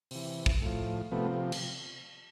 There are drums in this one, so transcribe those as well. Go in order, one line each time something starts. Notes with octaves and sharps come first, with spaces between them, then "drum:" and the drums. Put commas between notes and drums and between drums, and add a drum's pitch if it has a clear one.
C3 E3, drum: open hi-hat
drum: kick
A2 F3
C3 F3 A3 B3
drum: cymbal